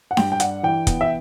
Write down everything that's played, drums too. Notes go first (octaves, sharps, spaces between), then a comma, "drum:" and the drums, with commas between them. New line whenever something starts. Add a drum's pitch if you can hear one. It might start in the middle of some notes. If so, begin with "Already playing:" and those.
F#5
G2 G5, drum: snare D4
G5
D4 F#5, drum: hi-hat
E3 G5
B3, drum: kick, hi-hat
E5